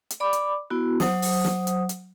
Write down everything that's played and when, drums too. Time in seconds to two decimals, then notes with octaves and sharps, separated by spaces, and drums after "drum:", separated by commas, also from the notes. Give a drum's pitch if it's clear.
0.10 drum: hi-hat
0.20 D5 B5 D6
0.33 drum: hi-hat
0.70 B3 E4 F#4
1.00 F#3 C5 F#5 D#6, drum: snare
1.22 drum: open hi-hat
1.44 drum: snare
1.67 drum: hi-hat
1.89 drum: hi-hat